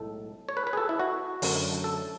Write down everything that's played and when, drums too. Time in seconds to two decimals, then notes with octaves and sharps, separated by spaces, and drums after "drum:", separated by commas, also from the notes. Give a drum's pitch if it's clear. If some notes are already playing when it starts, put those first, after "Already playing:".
Already playing: B1 A2 G#3 A4
0.49 C#5
0.57 B4
0.67 B4
0.73 G#4
0.77 A4
0.89 E4
0.99 F#4
1.42 F#2 D3 F#3 A3, drum: open hi-hat
1.84 A4